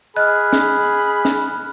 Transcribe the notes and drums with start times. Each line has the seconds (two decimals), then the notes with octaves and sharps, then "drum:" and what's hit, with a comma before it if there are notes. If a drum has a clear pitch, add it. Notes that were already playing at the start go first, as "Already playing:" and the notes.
0.16 G#4 D#5 B5 F6 F#6
0.53 drum: snare
1.25 drum: snare